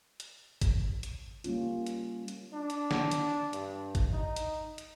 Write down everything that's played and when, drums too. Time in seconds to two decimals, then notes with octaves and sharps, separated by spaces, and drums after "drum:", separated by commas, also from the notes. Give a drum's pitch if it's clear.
0.20 drum: hi-hat
0.62 drum: kick, hi-hat
1.03 drum: hi-hat
1.44 G3 A#3 C#4 F4, drum: hi-hat
1.86 drum: hi-hat
2.28 drum: hi-hat
2.54 D4
2.70 drum: hi-hat
2.91 drum: snare
3.11 drum: hi-hat
3.53 G2, drum: hi-hat
3.95 drum: kick, hi-hat
4.13 D#4
4.36 drum: hi-hat
4.78 drum: hi-hat